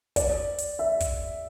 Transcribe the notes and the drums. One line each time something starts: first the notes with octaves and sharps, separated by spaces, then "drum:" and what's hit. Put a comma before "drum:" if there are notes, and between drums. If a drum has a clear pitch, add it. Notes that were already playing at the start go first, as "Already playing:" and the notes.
D5, drum: kick, hi-hat
drum: hi-hat
E5
drum: kick, hi-hat